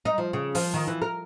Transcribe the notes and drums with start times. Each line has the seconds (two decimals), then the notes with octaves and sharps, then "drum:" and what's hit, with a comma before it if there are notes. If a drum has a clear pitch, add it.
0.05 D#4
0.18 F3
0.33 C#3
0.55 F3, drum: open hi-hat
0.74 D#3
0.87 E3
1.02 A#4